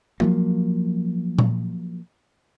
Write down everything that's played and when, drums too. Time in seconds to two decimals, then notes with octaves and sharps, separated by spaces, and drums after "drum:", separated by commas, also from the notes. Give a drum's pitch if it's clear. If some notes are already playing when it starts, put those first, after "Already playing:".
0.20 F3 F#3 A#3, drum: tom G#3
1.39 drum: tom A#2